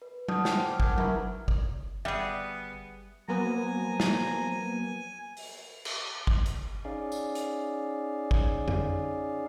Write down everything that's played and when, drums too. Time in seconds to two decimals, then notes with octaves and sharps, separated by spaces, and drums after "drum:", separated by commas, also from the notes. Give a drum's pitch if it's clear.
0.02 B4
0.28 F#5 A5 D#6 F6 G6, drum: tom F#3
0.45 C5 G5 G#5, drum: snare
0.66 D6 F6
0.80 A#4 F#5 A5 G6 G#6, drum: kick
0.98 E4 B4 E5 A#5 B5 C#6, drum: tom F#3
1.48 drum: kick
2.05 G1 G3 B3 G#4 E5
3.28 F3 F#3 A#3 B3 G#5 A#5
4.00 drum: snare
5.37 drum: open hi-hat
5.85 drum: cymbal
6.27 drum: kick
6.46 drum: hi-hat
6.85 C#4 D#4 G#4 D5 F5
7.12 drum: tambourine
7.35 drum: hi-hat
8.31 drum: kick
8.68 drum: tom F2